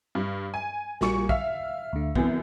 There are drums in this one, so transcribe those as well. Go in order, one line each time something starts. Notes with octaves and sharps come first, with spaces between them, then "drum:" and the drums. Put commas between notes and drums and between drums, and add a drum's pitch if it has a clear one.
G2
G#5
A#1 A#2 G3 F#4 C#6 C#7, drum: snare
E5 F5 F6, drum: kick
D2 D3
C2 F#2 E3 B3, drum: kick